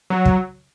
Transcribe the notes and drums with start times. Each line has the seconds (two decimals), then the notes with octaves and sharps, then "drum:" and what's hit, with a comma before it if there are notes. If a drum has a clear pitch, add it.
0.10 F#3
0.25 drum: kick